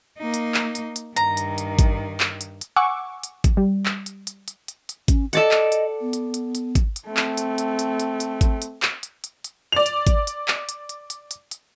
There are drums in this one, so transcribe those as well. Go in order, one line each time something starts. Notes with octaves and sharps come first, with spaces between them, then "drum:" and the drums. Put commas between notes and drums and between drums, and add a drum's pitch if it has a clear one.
A#3 D#4
drum: hi-hat
drum: clap
drum: hi-hat
drum: hi-hat
G2 D#3 A#5, drum: hi-hat
drum: hi-hat
drum: hi-hat
drum: kick G#1, hi-hat
drum: clap
drum: hi-hat
drum: hi-hat
F#5 G#5 C#6 D6 E6
drum: hi-hat
drum: kick G#1, hi-hat
G3
drum: clap
drum: hi-hat
drum: hi-hat
drum: hi-hat
drum: hi-hat
drum: hi-hat
C#4, drum: kick G#1, hi-hat
A4 D5 D#5 F#5, drum: hi-hat
drum: clap
drum: hi-hat
B3
drum: hi-hat
drum: hi-hat
drum: hi-hat
drum: kick G#1, hi-hat
drum: hi-hat
A3 C4
drum: clap
drum: hi-hat
drum: hi-hat
drum: hi-hat
drum: hi-hat
drum: hi-hat
drum: kick G#1, hi-hat
drum: hi-hat
drum: clap
drum: hi-hat
drum: hi-hat
drum: hi-hat
D5 F7
drum: hi-hat
drum: kick G#1, hi-hat
drum: hi-hat
drum: clap
drum: hi-hat
drum: hi-hat
drum: hi-hat
drum: hi-hat
drum: hi-hat